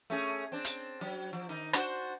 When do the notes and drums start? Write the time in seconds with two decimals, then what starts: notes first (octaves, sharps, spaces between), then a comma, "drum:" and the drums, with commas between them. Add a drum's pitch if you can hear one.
0.10 A3 C#4 G#4
0.52 C4 D4
0.65 drum: hi-hat
1.01 F#3
1.33 F3
1.49 D#3 D#4
1.73 D4 F#4 C5, drum: rim click